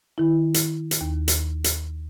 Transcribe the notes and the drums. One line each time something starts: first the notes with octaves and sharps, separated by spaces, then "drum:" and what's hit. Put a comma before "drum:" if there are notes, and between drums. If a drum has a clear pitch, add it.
D#3 E4
drum: hi-hat
drum: hi-hat
D#2
drum: hi-hat
drum: hi-hat